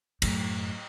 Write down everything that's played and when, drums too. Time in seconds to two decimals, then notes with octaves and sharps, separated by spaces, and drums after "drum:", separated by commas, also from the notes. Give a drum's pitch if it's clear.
0.22 F#2 A2, drum: cymbal